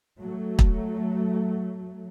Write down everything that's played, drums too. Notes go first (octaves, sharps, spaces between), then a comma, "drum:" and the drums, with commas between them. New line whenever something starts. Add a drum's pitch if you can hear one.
F#3 A3
drum: kick